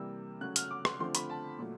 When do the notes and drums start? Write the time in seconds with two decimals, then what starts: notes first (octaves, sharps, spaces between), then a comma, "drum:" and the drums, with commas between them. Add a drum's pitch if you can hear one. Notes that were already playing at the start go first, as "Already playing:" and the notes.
Already playing: C3 E3 G3 A#3 E6
0.41 C#3 F#3 A3 C#4 F#6
0.56 F6, drum: hi-hat
0.71 D6
0.85 C6, drum: rim click
1.00 D3 F3 A3 C4 C6
1.15 B5, drum: hi-hat
1.30 A5
1.59 A#2 F#3 A3